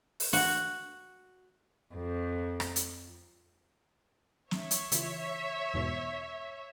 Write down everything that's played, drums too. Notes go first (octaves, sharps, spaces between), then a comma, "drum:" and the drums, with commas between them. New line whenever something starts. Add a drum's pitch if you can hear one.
drum: open hi-hat
F#4, drum: open hi-hat
F2
drum: rim click
drum: hi-hat
C#5 E5, drum: snare
drum: hi-hat
C#3 E3 F4, drum: hi-hat
E2 G#2 B2